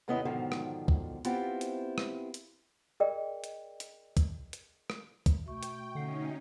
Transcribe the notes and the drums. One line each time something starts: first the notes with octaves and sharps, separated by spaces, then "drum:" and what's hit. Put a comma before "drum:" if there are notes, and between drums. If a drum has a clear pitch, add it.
D#2 C3 B3 C#4 E4 D#5
G#2 B2 D3 D#3 F3
drum: rim click
drum: kick
B3 C4 E4 F4 G4 C5, drum: hi-hat
drum: hi-hat
drum: rim click
drum: hi-hat
G#4 A#4 D5 D#5 G5
drum: hi-hat
drum: hi-hat
drum: kick, hi-hat
drum: hi-hat
drum: rim click
drum: kick, hi-hat
B2 A3 G5 C#6
drum: hi-hat
D3 C#4 D#4 F#5 C7